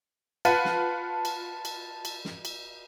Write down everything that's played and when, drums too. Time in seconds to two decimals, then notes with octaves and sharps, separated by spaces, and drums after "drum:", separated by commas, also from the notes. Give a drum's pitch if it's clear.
0.45 F4 B4 F#5 A5, drum: cymbal
0.65 drum: snare
1.25 drum: cymbal
1.65 drum: cymbal
2.05 drum: cymbal
2.25 drum: snare
2.45 drum: cymbal